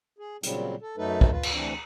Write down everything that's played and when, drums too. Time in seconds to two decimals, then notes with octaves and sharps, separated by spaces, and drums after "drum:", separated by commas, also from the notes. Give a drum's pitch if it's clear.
0.19 G#4
0.43 A#2 C#3 F#3 G3 C4, drum: hi-hat
0.81 A4
0.98 F#2 F#3 A3 D#4 A4 B4
1.21 drum: kick
1.31 F4 B4
1.43 drum: cymbal
1.53 D2 E3 C4 D4